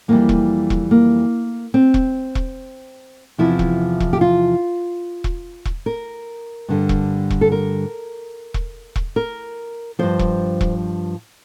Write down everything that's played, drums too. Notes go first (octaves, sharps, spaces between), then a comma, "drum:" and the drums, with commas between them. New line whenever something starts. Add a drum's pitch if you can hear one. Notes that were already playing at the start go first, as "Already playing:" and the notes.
F2 E3 G3 A#3
drum: kick E1
drum: kick E1
A#3
C4
drum: kick E1
drum: kick E1
E2 C3 F3 E4
drum: kick E1
drum: kick E1
G4
F4
drum: kick E1
drum: kick E1
A#4
G2 D3 G3
drum: kick E1
drum: kick E1
A4
A#4
drum: kick E1
drum: kick E1
A#4
G2 F3 C5
drum: kick E1
drum: kick E1